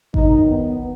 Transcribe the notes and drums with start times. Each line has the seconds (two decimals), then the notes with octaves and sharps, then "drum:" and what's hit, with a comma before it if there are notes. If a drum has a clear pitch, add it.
0.14 D#2 D#3 F#3 D#4, drum: kick G#1
0.47 B3